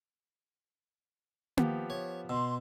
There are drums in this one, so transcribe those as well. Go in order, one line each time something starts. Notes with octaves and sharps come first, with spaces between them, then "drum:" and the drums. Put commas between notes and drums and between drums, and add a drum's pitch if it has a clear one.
F3 B3 G4, drum: tom A#3
C#5
B2 C6 E6